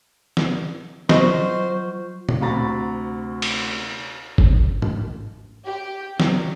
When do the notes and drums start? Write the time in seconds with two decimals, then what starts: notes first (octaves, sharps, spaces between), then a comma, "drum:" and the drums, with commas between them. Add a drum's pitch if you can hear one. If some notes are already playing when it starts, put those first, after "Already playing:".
0.37 drum: snare
1.09 F#3 F4 C5 D#5 C#6, drum: snare
2.29 drum: tom A#2
2.41 D2 C3 F#4 A#5 B5 A6
3.42 drum: cymbal
4.38 drum: kick G1
4.82 drum: tom G#2
5.65 G4
6.20 F#3, drum: snare